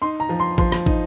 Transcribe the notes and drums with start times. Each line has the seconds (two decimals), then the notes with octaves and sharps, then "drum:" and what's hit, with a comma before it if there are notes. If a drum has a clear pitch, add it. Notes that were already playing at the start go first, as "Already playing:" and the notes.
0.02 D#4 C6
0.20 A#5
0.29 F3
0.40 C6
0.58 F3 C6, drum: kick
0.72 drum: rim click
0.86 D#4, drum: kick